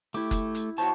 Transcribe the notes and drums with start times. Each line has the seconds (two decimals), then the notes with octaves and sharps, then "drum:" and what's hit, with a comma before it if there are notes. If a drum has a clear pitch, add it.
0.14 A3 E4 G4 D6
0.31 drum: kick F#1, hi-hat
0.55 drum: hi-hat
0.78 D#2 F#4 C5 C#5 A5